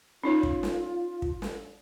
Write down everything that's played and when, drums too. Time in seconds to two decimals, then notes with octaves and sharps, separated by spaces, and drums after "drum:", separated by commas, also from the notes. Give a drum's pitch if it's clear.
0.24 C#4 D#4 F4 C#5
0.43 drum: kick
0.63 drum: snare
1.22 drum: kick
1.42 drum: snare